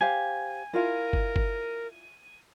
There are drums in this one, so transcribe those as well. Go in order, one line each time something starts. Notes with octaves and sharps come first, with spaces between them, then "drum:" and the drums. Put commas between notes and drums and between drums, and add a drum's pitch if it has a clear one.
G4 C5 F5 G#5
E4 F4 A#4 F5
drum: kick
drum: kick